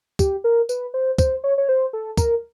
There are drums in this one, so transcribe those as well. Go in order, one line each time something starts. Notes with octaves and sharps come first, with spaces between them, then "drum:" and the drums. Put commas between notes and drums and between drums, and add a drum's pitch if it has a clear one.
G4, drum: kick, tambourine
A#4
B4, drum: tambourine
C5
C5, drum: kick, tambourine
C#5
C#5
C5
A4
A#4, drum: kick, tambourine